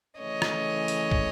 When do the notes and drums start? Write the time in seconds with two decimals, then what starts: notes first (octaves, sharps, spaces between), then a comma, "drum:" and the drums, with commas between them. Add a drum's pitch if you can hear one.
0.18 C#3 E3 A3 C#5 D#5
0.42 drum: rim click
0.88 drum: open hi-hat
1.12 drum: kick